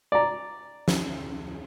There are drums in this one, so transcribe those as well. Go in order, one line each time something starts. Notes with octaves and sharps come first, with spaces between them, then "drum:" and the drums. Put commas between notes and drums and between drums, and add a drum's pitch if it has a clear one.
D5 A#5
drum: snare